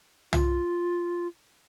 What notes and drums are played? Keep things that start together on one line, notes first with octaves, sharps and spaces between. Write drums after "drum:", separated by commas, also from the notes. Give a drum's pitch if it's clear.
F4, drum: tom